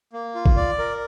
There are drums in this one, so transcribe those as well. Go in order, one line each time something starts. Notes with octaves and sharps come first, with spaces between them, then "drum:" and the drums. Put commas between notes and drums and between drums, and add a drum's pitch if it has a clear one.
A#3
F4
drum: kick
D5
A#4